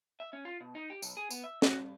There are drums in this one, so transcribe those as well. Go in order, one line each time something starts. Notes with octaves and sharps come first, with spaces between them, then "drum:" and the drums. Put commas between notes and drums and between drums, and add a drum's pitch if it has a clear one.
E5
C#4
F4
B2
D#4
G4
B1, drum: tambourine
G#4
B3, drum: tambourine
E5
F#4, drum: snare
G2